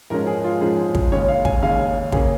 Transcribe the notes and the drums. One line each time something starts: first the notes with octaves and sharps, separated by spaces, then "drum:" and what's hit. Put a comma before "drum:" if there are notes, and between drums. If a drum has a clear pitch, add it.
G#2 F3 G#3 C#4 A#4
G#4
F4
G#2 F3 G#3 C#4 G#4
drum: kick
D#2 C#3 G#3 C#4 C#5
F5
G#5, drum: kick
D#2 C#3 G#3 C#4 F5
C#3 A#3 C#4 G#4, drum: kick